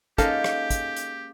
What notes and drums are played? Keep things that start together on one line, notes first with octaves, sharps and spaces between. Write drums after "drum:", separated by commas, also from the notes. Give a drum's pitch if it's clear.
G#3 A#3 C#4 D#4 G4 A4 F5, drum: kick, hi-hat
drum: rim click
drum: kick, hi-hat
drum: hi-hat